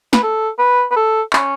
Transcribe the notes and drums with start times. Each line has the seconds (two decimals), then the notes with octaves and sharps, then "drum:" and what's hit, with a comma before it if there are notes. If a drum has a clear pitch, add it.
0.13 B4, drum: snare
0.23 A4
0.59 B4
0.91 B4
0.96 A4
1.33 C#4, drum: clap